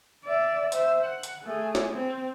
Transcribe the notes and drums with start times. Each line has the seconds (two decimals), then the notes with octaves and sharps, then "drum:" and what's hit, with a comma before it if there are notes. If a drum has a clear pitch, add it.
0.25 D5 E5
0.72 C5 E5, drum: hi-hat
1.05 F#5
1.23 drum: hi-hat
1.43 A3 G#4
1.75 drum: snare
1.94 C4